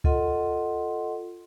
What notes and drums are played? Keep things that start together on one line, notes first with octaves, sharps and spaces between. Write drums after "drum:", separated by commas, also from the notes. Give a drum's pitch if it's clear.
F4 A4 D#5 F#5 C6, drum: kick C#2